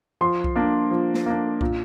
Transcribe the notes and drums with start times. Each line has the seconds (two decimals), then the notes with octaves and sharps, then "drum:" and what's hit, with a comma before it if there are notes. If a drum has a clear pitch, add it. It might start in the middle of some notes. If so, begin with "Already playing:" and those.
0.21 F3 C6
0.44 drum: kick B1
0.56 A#3 D4
0.91 F3
1.14 drum: snare
1.26 A#3 D4
1.61 A#2, drum: kick B1